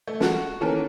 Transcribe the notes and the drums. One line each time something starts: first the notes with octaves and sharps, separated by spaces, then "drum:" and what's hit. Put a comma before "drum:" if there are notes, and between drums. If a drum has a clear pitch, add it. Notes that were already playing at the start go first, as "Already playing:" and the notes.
A3
F#4 A4, drum: snare
D#3 E3 A#3 C#4 A4 A#4